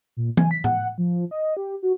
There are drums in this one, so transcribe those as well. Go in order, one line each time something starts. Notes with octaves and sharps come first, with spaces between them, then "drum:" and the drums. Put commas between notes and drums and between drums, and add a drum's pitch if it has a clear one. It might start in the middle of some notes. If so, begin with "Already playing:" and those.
A#2
G#5, drum: tom E3
B6
F#5, drum: tom A2
F3
D#5
G4
F#4